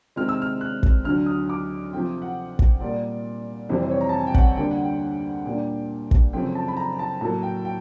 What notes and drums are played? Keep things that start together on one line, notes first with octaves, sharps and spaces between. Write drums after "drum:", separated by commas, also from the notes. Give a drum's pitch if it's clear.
C3 D#3 G#3 C4 F6
E6
F6
F#6
drum: kick
D2 D3 F#3 F6
D#6
D6
C3 F3 A3 C4 G5
F#5
drum: kick
A#2 G3 A#3 D5
F2 C3 E3 G3 C5
C5
C#5
A#5
A5
G#5
G5
F#5, drum: kick
D2 D3 G3 A#3 D4 G5
F#5
G5
A#2 G3 A#3 D4
drum: kick
F#2 C#3 F3 A3 C4 G5
A5
B5
A#5
A5
A2 F#3 A#3 A5
G5
G5